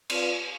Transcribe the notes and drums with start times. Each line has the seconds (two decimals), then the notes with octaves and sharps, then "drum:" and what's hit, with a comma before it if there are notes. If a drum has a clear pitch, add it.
0.10 C4 F4 B4 D5 F5, drum: cymbal